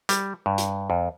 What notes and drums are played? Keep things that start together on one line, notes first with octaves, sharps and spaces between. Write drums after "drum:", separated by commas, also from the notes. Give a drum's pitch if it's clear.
G3, drum: hi-hat
G2
drum: hi-hat
F2